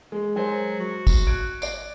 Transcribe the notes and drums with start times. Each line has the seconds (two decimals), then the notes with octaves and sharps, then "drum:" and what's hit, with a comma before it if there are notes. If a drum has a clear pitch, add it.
0.12 G#3
0.36 F#3 A#4 C5 G#5
0.80 F#4
1.07 drum: kick, tambourine
1.27 F#6 G#6 D7
1.62 D5 D7, drum: tambourine